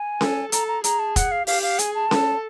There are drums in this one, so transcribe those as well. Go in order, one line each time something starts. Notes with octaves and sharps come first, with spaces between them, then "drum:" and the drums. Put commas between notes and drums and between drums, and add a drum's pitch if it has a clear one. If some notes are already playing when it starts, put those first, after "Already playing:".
Already playing: G#5
A4, drum: snare C#4
A4 A#5, drum: hi-hat
A#5
G#4 A#5, drum: hi-hat
A5
F#5, drum: kick F1, hi-hat
F5
G4 F5, drum: open hi-hat
F5
G#4 G#5, drum: hi-hat
A5
A4, drum: snare C#4